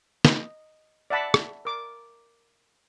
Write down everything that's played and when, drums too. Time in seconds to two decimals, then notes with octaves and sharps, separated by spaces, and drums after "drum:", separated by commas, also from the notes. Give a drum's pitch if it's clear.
0.25 D#5, drum: snare
1.10 D5 E5 F#5 A5 B5
1.34 drum: rim click
1.65 A#4 D6